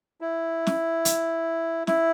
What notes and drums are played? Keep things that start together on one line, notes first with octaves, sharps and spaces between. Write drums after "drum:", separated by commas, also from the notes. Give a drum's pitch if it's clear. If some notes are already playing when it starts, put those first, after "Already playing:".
E4
drum: snare
drum: hi-hat
E4, drum: snare